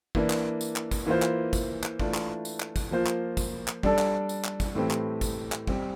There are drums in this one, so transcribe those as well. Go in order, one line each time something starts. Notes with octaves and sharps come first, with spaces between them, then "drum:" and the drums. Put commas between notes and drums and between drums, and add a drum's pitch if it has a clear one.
E3 A#3 D4, drum: kick
drum: clap
drum: tambourine
drum: clap
drum: kick, tambourine
E3 A#3 F4 C5
drum: clap
drum: kick, tambourine
drum: clap
E3 A3 D4 F4, drum: kick
drum: clap
drum: tambourine
drum: clap
drum: kick, tambourine
F3 A#3 F4 C5
drum: clap
drum: kick, tambourine
drum: clap
G3 D4 A4 D5, drum: kick
drum: clap
drum: tambourine
drum: clap
drum: kick, tambourine
A2 E3 A3 C4 G4
drum: clap
drum: kick, tambourine
drum: clap
G3 C4 G4, drum: kick